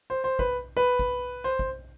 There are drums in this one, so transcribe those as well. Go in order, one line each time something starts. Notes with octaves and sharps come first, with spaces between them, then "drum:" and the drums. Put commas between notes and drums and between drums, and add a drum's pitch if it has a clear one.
C5
C5
B4, drum: kick
B4
drum: kick
C5
drum: kick